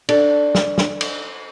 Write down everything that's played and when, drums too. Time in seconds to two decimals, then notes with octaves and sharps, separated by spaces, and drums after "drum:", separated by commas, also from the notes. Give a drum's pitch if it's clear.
0.09 D4 A4, drum: cymbal
0.55 drum: snare
0.78 drum: snare
1.01 drum: cymbal